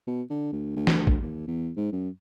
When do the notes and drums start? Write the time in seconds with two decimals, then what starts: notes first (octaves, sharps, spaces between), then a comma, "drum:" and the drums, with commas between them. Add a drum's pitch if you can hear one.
0.07 B2
0.30 D3
0.52 D2
0.76 D2
0.87 drum: snare
1.07 drum: kick
1.22 D#2
1.47 E2
1.76 G#2
1.92 F#2